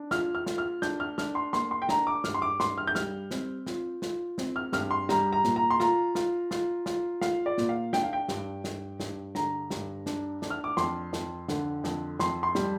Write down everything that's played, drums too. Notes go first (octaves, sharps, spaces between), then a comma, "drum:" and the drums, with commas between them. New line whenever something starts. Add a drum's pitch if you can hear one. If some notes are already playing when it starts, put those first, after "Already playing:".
Already playing: D4
F4 F6, drum: snare
F6
F4, drum: snare
F6
D4 G6, drum: snare
F6
D4 F6, drum: snare
C6
A#3 C6, drum: snare
C6
G5
D4 A#5, drum: snare
D6
G2 F6, drum: snare
C6
D6
G2 C6, drum: snare
F6
G6
G3 F6, drum: snare
C4, drum: snare
F4, drum: snare
F4, drum: snare
C4, drum: snare
F6
G2 F6, drum: snare
C6
G3 A#5, drum: snare
A#5
A#2, drum: snare
A#5
C6
F4 A#5, drum: snare
F4, drum: snare
F4, drum: snare
F4, drum: snare
F4 F5, drum: snare
D5
A#2, drum: snare
F5
D4 G5, drum: snare
F5
G5
G2, drum: snare
G2, drum: snare
G2, drum: snare
D3 A#5, drum: snare
G2, drum: snare
D4, drum: snare
D4, drum: snare
F6
D6
F2 C6, drum: snare
F2, drum: snare
D3, drum: snare
F2, drum: snare
F2 C6, drum: snare
C6
G3, drum: snare